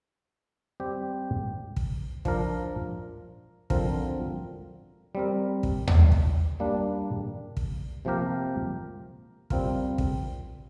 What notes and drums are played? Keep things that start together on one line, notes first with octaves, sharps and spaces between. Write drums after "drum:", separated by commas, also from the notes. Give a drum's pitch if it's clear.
G3 C4 G4
drum: kick
F3 D4 A#4, drum: kick
D3 F3 C4 A#4, drum: kick
G3 C4 A#4
drum: kick
drum: tom D#2
drum: kick
G3 A#3 D4
drum: kick
C3 F3 A#3 G4 A#4
G3 C4 F4 A#4, drum: kick
drum: kick